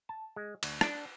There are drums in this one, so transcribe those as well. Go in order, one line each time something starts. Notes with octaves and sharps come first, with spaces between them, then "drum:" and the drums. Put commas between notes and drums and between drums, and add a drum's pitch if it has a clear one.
A5
G#3
D2, drum: cymbal
D4, drum: rim click